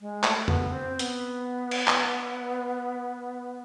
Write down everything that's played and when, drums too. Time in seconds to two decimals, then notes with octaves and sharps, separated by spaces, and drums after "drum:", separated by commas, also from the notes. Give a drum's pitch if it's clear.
0.01 G#3
0.24 A3, drum: clap
0.48 B3, drum: tom F2
0.71 C4
0.94 C4
0.99 B3, drum: hi-hat
1.71 drum: cymbal
1.88 drum: clap